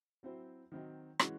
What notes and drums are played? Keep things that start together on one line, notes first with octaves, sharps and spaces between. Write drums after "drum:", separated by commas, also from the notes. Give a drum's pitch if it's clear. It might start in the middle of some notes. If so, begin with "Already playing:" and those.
F#3 C4 E4 C5
D#3 F#3 C4 D#4
E3 G#3 C#4 F#4, drum: rim click